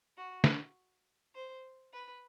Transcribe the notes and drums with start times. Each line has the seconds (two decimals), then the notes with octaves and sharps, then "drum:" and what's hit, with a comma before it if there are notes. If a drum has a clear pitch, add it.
0.18 F#4
0.44 drum: snare
1.35 C5
1.93 B4